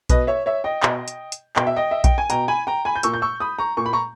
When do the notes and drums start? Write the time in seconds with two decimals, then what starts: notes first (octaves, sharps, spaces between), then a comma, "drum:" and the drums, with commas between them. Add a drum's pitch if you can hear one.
0.09 B2 B4 D#5, drum: kick A#1, hi-hat
0.27 C#5 E5
0.46 C#5 E5
0.64 D#5 G5
0.83 B2, drum: clap
1.08 drum: hi-hat
1.32 drum: hi-hat
1.56 B2 G5, drum: clap
1.67 E5
1.76 D#5 G5
1.91 E5
2.04 G5, drum: kick A#1, hi-hat
2.18 G#5
2.30 B2 G5 A#5, drum: hi-hat
2.48 G#5 B5
2.67 G5 A#5
2.85 G#5 B5
2.96 G6
3.03 A#2 C#6 E6, drum: hi-hat
3.14 G6
3.22 C#6 E6
3.40 B5 D#6
3.59 A#5 C#6
3.77 A#2 C#6
3.86 B5
3.93 A#5 C#6